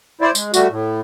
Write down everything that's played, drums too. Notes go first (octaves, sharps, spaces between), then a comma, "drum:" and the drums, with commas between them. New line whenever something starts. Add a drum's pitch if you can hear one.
E4 C5 D5
G#3, drum: tambourine
G3 A3 F#4, drum: tambourine
A2